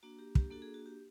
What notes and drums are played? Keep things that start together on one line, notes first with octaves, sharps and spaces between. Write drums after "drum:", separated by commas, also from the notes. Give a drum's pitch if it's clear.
A#3 D4 F#4
G4
G4, drum: kick
A#3 D4 F#4 A4
G#4
F#4
G4